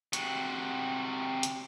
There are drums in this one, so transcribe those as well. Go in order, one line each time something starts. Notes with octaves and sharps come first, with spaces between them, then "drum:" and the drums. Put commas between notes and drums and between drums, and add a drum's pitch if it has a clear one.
C3 F#4, drum: hi-hat
drum: hi-hat